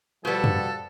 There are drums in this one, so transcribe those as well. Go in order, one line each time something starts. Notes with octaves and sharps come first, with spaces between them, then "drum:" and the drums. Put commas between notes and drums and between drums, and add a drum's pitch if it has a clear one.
B2 F3 G3 B3 A4
drum: tom F#2